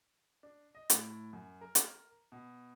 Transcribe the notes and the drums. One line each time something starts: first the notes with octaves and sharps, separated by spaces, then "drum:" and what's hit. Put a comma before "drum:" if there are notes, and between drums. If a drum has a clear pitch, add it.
D4
D#5
A2, drum: hi-hat
F#2
A#4
drum: hi-hat
B2